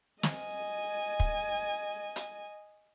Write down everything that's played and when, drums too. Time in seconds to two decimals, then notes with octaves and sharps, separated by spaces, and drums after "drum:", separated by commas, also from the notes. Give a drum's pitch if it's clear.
0.23 D#5 G#5, drum: snare
1.20 drum: kick
2.16 drum: hi-hat